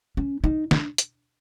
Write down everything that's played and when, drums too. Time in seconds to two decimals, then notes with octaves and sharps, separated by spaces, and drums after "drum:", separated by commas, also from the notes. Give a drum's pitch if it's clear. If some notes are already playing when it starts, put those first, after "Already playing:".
0.17 C#4
0.44 D#4
0.71 D4, drum: snare
0.98 drum: hi-hat